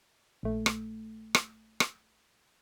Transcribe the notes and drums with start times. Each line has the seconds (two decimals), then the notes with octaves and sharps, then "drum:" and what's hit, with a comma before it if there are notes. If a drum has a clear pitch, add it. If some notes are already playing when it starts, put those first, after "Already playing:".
0.43 A#1 A3
0.66 drum: rim click
1.35 drum: rim click
1.80 drum: rim click